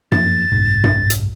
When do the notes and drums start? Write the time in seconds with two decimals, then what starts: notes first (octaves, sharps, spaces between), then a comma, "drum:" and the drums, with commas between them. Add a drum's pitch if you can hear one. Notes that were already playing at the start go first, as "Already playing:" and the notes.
0.12 F#2 F3 A#3 A6, drum: tom G2
0.52 F#1 B1 G#2
0.84 drum: tom G2
1.10 drum: hi-hat